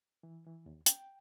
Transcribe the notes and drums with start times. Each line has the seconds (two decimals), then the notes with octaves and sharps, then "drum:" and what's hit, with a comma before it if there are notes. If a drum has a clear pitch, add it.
0.23 E3
0.46 E3
0.66 D#2
0.86 G5, drum: hi-hat